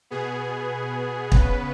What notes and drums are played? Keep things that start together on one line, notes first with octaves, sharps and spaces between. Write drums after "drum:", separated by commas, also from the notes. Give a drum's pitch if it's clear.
B2 B3 G#4
C#3 B3 B4, drum: kick